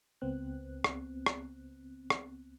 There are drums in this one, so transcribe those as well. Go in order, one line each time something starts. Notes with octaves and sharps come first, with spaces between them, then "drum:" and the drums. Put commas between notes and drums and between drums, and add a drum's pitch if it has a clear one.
C#2 B3 C4 F#6
drum: rim click
drum: rim click
drum: rim click